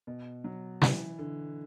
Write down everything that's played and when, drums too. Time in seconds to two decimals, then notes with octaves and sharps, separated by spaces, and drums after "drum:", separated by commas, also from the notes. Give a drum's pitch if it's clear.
0.07 B2
0.44 F#3
0.82 E3, drum: snare
1.19 D3